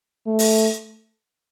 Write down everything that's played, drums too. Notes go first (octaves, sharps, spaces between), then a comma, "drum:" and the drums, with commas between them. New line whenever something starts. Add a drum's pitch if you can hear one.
A3
drum: open hi-hat